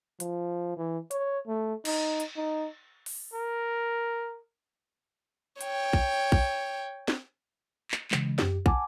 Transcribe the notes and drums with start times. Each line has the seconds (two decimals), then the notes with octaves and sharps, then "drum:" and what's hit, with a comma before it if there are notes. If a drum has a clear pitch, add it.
0.20 F3, drum: hi-hat
0.77 E3
1.11 C#5, drum: hi-hat
1.48 A3
1.85 D#4, drum: cymbal
2.20 drum: hi-hat
2.36 D#4
3.06 drum: open hi-hat
3.34 A#4
5.61 C#5 G5, drum: hi-hat
5.93 drum: kick
6.32 drum: kick
7.08 drum: snare
7.91 drum: clap
8.11 C#3 E3 G#3, drum: clap
8.38 F#2 G4, drum: snare
8.66 F#5 G#5 A5 D6, drum: kick